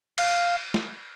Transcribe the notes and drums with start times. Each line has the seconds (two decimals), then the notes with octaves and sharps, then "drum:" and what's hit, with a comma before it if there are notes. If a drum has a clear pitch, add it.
0.18 F5, drum: cymbal
0.74 drum: snare